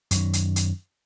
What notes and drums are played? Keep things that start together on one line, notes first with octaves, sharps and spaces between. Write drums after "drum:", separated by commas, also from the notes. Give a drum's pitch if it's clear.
F#2 D#3, drum: hi-hat
drum: hi-hat
drum: hi-hat